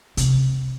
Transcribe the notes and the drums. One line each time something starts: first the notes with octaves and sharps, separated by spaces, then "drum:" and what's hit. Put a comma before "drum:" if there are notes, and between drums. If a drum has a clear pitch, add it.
C3, drum: hi-hat